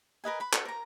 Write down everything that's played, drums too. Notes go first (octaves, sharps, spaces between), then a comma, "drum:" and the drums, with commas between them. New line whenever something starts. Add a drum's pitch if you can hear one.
A#4 B4 D#5 G#5
B4 B5
A4, drum: clap
A#4 A#5